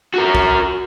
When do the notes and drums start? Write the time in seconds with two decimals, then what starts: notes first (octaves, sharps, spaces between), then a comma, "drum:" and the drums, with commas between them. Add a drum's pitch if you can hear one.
0.14 F#4 A#4
0.35 drum: kick